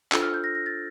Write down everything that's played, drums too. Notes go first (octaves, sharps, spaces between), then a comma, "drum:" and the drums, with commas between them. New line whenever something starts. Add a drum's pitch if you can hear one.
D4 F4 A4 C5 E6, drum: clap
F6
G6
A#6
A#6
A6